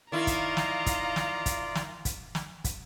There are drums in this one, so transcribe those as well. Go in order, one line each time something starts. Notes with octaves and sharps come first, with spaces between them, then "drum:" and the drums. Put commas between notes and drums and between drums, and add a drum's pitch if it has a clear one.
D#3 E4 F4 D5 D#5 F5 A#5
drum: kick, hi-hat
drum: snare
drum: kick, hi-hat
drum: snare
drum: kick, hi-hat
drum: snare
drum: kick, hi-hat
drum: snare
drum: kick, hi-hat